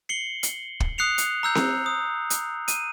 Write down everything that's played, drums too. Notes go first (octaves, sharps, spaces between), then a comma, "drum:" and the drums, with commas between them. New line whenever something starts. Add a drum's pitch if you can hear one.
C7 C#7 F#7 G7
drum: hi-hat
drum: kick
D#6 F#6 C7 C#7 F7
drum: hi-hat
A#5 E6 G6
drum: snare C4
D#6
drum: hi-hat
D#7, drum: hi-hat